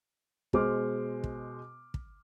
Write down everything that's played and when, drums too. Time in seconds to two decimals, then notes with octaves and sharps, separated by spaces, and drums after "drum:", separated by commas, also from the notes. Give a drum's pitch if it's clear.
0.53 B2 G#3 C5 D6 F6, drum: kick
1.24 drum: kick
1.94 drum: kick